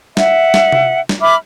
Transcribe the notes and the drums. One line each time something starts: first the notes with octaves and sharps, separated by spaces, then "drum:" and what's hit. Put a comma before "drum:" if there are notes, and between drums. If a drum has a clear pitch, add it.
E5 F#5, drum: snare
drum: snare
drum: tom C3
drum: snare
E5 B5 D6 F6